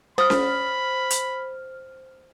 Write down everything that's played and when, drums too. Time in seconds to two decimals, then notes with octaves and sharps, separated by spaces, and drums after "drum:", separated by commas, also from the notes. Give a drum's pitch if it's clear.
0.18 C5 B5 D#6 F6
0.30 drum: snare C#4
1.10 drum: hi-hat